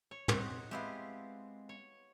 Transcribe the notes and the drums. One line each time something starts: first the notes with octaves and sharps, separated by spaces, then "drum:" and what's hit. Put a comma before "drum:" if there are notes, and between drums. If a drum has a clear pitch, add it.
C#5
C4 D#4 F#4, drum: tom
G#3 B3 C4 E4 G4 F5
C#5